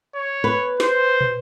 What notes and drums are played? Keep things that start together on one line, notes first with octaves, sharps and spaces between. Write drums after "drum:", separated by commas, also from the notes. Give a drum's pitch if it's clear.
C#5
B4
C5, drum: snare
drum: tom